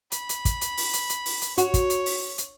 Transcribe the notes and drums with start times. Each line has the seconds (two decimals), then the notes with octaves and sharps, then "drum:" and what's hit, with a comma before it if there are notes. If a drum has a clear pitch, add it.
0.12 B5, drum: hi-hat
0.29 drum: hi-hat
0.45 drum: kick, hi-hat
0.61 drum: hi-hat
0.77 drum: open hi-hat
0.93 drum: hi-hat
1.09 drum: hi-hat
1.26 drum: open hi-hat
1.42 drum: hi-hat
1.58 F#4 C#5, drum: hi-hat
1.74 drum: kick, hi-hat
1.90 drum: hi-hat
2.06 drum: open hi-hat
2.38 drum: hi-hat